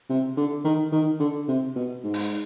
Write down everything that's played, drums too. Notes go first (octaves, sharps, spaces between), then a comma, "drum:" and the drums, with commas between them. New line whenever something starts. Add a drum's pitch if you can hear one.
C3
D3
D#3
D#3
D3
C3
B2
G#2
drum: open hi-hat